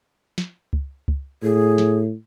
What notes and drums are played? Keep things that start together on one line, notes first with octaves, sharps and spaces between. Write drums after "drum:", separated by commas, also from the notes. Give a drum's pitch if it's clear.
drum: snare
drum: kick C#2
drum: kick C#2
A2 G#4
drum: snare